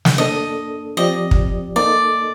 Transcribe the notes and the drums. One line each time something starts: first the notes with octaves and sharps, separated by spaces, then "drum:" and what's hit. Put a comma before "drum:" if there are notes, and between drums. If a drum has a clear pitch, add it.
drum: snare
A#3 D4 A4 D#5
F3 C4 G4 D5 D#5
drum: kick
A#3 D#4 A4 D5 D#5